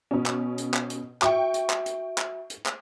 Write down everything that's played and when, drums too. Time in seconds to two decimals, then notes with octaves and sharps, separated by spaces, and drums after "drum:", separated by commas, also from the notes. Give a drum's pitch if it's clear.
0.11 B2 C#4
0.26 drum: clap
0.58 drum: hi-hat
0.74 drum: clap
0.90 drum: hi-hat
1.22 F#4 E5 G5 C#6, drum: clap
1.54 drum: hi-hat
1.70 drum: clap
1.86 drum: hi-hat
2.18 drum: clap
2.50 drum: hi-hat
2.66 drum: clap